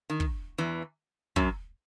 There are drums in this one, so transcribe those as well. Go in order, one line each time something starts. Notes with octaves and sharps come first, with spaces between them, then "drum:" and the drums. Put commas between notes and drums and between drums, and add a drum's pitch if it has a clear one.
D#3
drum: kick
E2 E3
F#2 F#3, drum: kick